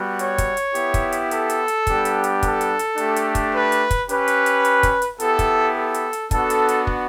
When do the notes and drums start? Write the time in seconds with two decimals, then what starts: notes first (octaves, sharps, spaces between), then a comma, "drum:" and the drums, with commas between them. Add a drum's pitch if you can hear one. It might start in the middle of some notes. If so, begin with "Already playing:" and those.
Already playing: G3 B3 F#4
0.19 C#5, drum: hi-hat
0.38 drum: kick, hi-hat
0.57 drum: hi-hat
0.75 B3 E4 G4, drum: hi-hat
0.94 drum: kick, hi-hat
1.12 drum: hi-hat
1.31 A4, drum: hi-hat
1.50 drum: hi-hat
1.68 drum: hi-hat
1.87 G3 B3 D4 G4, drum: kick, hi-hat
2.05 drum: hi-hat
2.24 drum: hi-hat
2.43 A4, drum: kick, hi-hat
2.61 drum: hi-hat
2.79 drum: hi-hat
2.98 A3 D4 G4, drum: hi-hat
3.16 drum: hi-hat
3.35 drum: kick, hi-hat
3.53 B4
3.72 drum: hi-hat
3.91 drum: kick, hi-hat
4.09 C#4 G4 B4, drum: hi-hat
4.28 drum: hi-hat
4.46 drum: hi-hat
4.65 drum: hi-hat
4.83 drum: kick, hi-hat
5.02 drum: hi-hat
5.20 B3 E4 G4 A4, drum: hi-hat
5.39 drum: kick, hi-hat
5.75 A4
5.94 drum: hi-hat
6.13 drum: hi-hat
6.31 B3 D4 F#4 A4, drum: kick, hi-hat
6.50 drum: hi-hat
6.69 drum: hi-hat
6.87 drum: kick